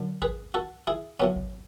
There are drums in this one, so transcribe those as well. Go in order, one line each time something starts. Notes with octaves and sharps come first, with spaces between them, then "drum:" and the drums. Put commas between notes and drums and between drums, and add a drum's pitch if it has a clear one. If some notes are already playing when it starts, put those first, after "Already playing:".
Already playing: F#2 D3
G#4 B4, drum: kick G#1
F#4 A4
E4 G#4
A2 F#3 B3 C#4
drum: kick G#1